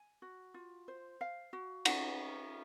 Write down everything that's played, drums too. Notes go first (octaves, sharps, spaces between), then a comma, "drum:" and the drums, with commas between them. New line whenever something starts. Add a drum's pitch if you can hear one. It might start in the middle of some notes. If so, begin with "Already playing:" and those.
Already playing: G#5
F#4
F4
C5
F5
F#4
F#5, drum: cymbal